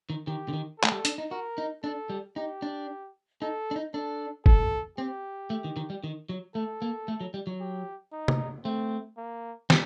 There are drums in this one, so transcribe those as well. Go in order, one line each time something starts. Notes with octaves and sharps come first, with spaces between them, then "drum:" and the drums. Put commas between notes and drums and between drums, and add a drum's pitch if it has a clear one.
D#3
D#3 G4
D3
D#3
A4
A3, drum: clap
G3
D4, drum: hi-hat
D#4
F#4 A#4
D#4
D4 A4
G3
D#4 G4
D4
D#4 A4
D4
D#4
D4 A4
A4, drum: kick
C4 G4
A3
D#3
D#3
G3
D#3
F#3
A3 A4
A#3
A3
F#3
G3
F#3
G4
D#4
drum: tom
A3 C4
A#3
G3, drum: snare